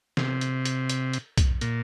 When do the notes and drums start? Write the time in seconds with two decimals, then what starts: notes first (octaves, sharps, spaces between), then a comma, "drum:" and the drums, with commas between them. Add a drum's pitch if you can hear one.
0.17 C3, drum: snare
0.41 drum: hi-hat
0.65 drum: hi-hat
0.89 drum: hi-hat
1.13 drum: hi-hat
1.38 drum: kick, hi-hat
1.61 A#2, drum: hi-hat